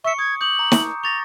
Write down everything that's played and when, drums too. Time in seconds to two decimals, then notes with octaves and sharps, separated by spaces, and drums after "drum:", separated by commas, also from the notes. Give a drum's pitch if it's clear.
0.04 E5 C#6 C#7
0.19 D#6 G#6
0.41 D6 D#6 G6 F#7
0.59 A#5
0.72 drum: snare
1.04 C#6 A6 A#6 F7